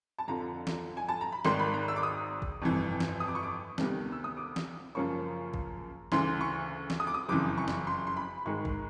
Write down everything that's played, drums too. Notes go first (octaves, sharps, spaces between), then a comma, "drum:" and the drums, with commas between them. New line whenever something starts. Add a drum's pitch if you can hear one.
A5
F2 D3 F3 A#5
drum: snare
G#5
A5
A#5
B5
G#1 G#2 D#3 C6, drum: snare
B5
A#5
E6
D6
D#6
drum: kick
G1 F2 C3 E3
drum: snare
D#6
D6
C#6
D6
D2 C3 D#3 G3 B3, drum: snare
E6
D#6
D6
drum: snare
F#2 C#3 F3 A#3 C#4 C#6
drum: kick
D2 C#3 E3 C6, drum: snare
C#6
drum: snare
D#6
D6
D#6
F#1 F2 C#3 E3 D6
C#6
drum: snare
C6
C6
B5
G#2 D#3 G#3 C#6
drum: kick